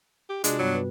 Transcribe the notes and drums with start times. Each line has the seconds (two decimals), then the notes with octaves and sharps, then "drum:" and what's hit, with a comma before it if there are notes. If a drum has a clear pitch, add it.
0.29 G4
0.44 C3 G#3 D4 F4 F#4, drum: hi-hat
0.59 G2 F#3 G3 B3
0.73 F#4 B4